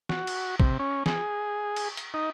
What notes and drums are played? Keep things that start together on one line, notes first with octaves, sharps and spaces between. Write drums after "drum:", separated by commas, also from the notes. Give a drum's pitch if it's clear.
F#4, drum: snare
drum: cymbal
C3, drum: kick
C#4
G#4, drum: snare
drum: cymbal
drum: hi-hat
D#4